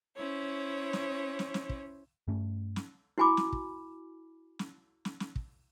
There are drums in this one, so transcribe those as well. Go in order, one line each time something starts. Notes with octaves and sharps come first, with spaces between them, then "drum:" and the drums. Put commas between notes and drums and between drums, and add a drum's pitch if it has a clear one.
C#4 E4 C5 C#5
drum: snare
drum: snare
drum: snare
drum: kick
G2 A3 C#4
drum: snare
E4 F#4 G#5 B5 D6
drum: snare
drum: kick
drum: snare
drum: snare
drum: snare
drum: kick